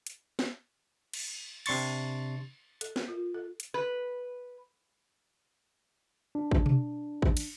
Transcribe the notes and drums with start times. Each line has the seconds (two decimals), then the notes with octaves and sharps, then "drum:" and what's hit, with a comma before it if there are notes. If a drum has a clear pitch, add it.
0.07 drum: hi-hat
0.39 drum: snare
1.14 drum: cymbal
1.66 C3 D4 C6 C#6 A6, drum: cymbal
2.81 A4, drum: hi-hat
2.96 A#4, drum: snare
3.08 F4
3.34 A4
3.60 drum: hi-hat
3.74 B4
6.35 D4
6.51 drum: kick
6.66 drum: tom B2
7.22 drum: kick
7.37 drum: cymbal